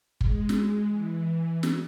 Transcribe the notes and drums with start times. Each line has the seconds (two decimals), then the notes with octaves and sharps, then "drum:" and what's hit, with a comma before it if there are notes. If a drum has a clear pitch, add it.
0.21 G#3, drum: kick
0.49 drum: snare
0.88 E3
1.63 drum: snare